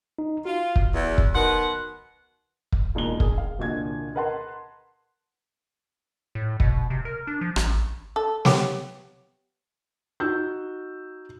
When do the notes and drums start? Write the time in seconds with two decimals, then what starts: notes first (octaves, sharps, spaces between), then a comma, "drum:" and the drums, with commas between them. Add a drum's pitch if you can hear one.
0.19 D#4
0.45 F4 F#4
0.76 drum: kick
0.94 E2
1.18 drum: kick
1.34 B2 D#3 F#5 C6 F#6
2.72 drum: kick
2.95 E1 A#2 D#4 D#5 G7
3.20 G#4, drum: kick
3.38 F5
3.59 C2 A#2 D3 F#4 D#5 G#6
4.15 A#4 B4 D#5 F#5 A5 C6
6.35 A2
6.60 B2, drum: kick
6.90 C3
7.05 A#4
7.27 D4
7.41 F3
7.56 A1, drum: rim click
8.16 A4
8.45 B3 G4 C#5, drum: snare
10.20 D#4 F#4 E6 G6